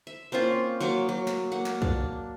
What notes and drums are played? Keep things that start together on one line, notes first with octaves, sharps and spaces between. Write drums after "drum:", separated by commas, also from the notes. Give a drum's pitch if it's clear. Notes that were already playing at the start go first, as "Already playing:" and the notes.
E5
A#3 C4 C#4 F4
F#3 A#3 C#6 D6
F#3
drum: snare
A#3 F#5
drum: snare
D4, drum: kick